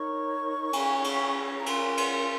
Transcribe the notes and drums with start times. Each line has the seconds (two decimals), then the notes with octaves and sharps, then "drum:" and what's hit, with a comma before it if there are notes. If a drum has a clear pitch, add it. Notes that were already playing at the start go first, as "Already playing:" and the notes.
Already playing: D#4 A#4 C#5 C#6
0.73 C#4 G#4 C#5, drum: cymbal
1.04 drum: cymbal
1.60 A#5
1.66 C#4 F4 A#4 C6, drum: cymbal
1.97 drum: cymbal
2.13 C6